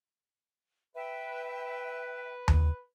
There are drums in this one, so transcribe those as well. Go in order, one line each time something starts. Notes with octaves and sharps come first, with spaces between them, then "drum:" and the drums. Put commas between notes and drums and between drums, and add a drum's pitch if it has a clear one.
B4 E5 G5
drum: tom D#2